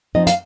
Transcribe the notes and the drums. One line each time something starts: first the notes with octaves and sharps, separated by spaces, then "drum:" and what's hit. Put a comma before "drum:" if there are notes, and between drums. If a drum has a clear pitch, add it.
F3 C4 D#4 D#5
F5, drum: hi-hat